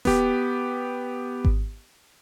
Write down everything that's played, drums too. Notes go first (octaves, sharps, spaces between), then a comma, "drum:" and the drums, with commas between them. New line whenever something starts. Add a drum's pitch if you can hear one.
B3 G4, drum: snare D#1
drum: kick G#1